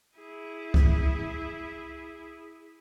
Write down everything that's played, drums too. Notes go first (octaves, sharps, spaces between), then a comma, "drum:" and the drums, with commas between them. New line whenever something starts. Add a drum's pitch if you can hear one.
E4 G#4
drum: kick C2